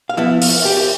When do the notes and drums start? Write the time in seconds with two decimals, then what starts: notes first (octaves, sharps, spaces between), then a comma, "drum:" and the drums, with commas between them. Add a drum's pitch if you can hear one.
0.09 F5
0.17 F3 B3 E4 E5
0.42 F5, drum: open hi-hat
0.65 G4
0.77 G4